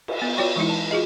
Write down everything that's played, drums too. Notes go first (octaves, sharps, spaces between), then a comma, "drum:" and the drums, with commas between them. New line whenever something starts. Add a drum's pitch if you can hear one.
drum: cymbal
B3
F4 F#4 C#5 D5 G5 C#6
E3 G#3 D#4 E4
A5
F4 F#4 G#4 D#5